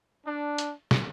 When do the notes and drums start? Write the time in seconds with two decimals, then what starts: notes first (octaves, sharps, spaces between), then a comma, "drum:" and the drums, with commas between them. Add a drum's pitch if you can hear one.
0.26 D4
0.58 drum: hi-hat
0.91 drum: snare